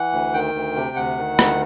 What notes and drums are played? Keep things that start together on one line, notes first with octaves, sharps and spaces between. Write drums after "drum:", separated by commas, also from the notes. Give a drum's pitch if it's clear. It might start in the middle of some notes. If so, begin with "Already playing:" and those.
Already playing: E3 F#5
D2
D#3 G5
D2
C3
D2 F#5
D#3
D2, drum: rim click